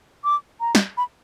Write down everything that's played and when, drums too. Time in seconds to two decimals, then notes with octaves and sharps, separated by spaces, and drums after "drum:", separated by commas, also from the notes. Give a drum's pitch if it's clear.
0.24 D6
0.60 A#5
0.75 drum: snare
0.97 B5